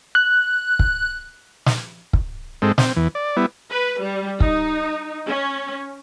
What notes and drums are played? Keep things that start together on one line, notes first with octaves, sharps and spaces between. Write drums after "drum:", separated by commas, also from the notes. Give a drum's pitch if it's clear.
F#6
drum: kick
drum: snare
drum: kick
G#2 G#3 C4 A4
C4, drum: snare
E2 E3
D5
G3 B3 E4
B4
G3
D#4, drum: kick
C#4